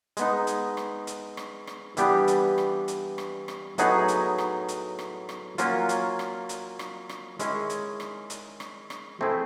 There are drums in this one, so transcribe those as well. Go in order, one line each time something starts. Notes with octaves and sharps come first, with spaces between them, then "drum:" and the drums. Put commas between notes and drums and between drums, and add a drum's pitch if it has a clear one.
G#3 B3 D#4, drum: hi-hat
drum: hi-hat
drum: rim click
drum: hi-hat
drum: rim click
drum: rim click
E3 G3 B3 D4 G4, drum: hi-hat
drum: hi-hat
drum: rim click
drum: hi-hat
drum: rim click
drum: rim click
A2 F#3 B3 D#4 G#4, drum: hi-hat
drum: hi-hat
drum: rim click
drum: hi-hat
drum: rim click
drum: rim click
F#3 A#3 C#4 F4, drum: hi-hat
drum: hi-hat
drum: rim click
drum: hi-hat
drum: rim click
drum: rim click
D#3 G#3 C#4 E4 G#4, drum: hi-hat
drum: hi-hat
drum: rim click
drum: hi-hat
drum: rim click
drum: rim click
A3 C4 E4 G#4